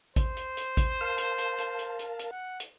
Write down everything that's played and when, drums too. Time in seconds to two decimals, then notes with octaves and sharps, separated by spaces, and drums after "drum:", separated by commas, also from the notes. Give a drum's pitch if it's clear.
0.16 C5, drum: kick A1, hi-hat
0.37 drum: hi-hat
0.57 drum: hi-hat
0.77 drum: kick A1, hi-hat
1.01 A#4 F5 A5
1.18 drum: hi-hat
1.38 drum: hi-hat
1.58 drum: hi-hat
1.79 drum: hi-hat
1.99 drum: hi-hat
2.19 drum: hi-hat
2.31 F#5
2.60 drum: hi-hat